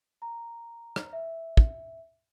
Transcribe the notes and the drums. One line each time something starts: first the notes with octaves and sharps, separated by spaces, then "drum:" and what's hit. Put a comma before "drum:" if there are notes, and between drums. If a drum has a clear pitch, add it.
A#5
drum: rim click
E5
drum: kick